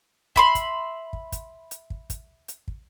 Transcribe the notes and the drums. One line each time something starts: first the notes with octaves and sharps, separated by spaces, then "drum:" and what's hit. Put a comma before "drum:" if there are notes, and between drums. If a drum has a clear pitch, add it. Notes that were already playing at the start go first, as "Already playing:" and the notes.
E5 B5 C6, drum: kick
drum: kick, hi-hat
drum: kick
drum: kick, hi-hat
drum: hi-hat
drum: kick
drum: kick, hi-hat
drum: hi-hat
drum: kick